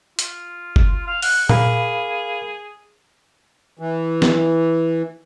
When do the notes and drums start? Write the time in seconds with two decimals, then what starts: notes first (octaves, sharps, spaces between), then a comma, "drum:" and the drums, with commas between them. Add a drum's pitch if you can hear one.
0.19 F4, drum: hi-hat
0.76 drum: kick F#1
1.07 F5
1.22 F#5, drum: open hi-hat
1.49 G#4 A#4 F5 B5, drum: tom A#2
3.79 E3
4.22 drum: snare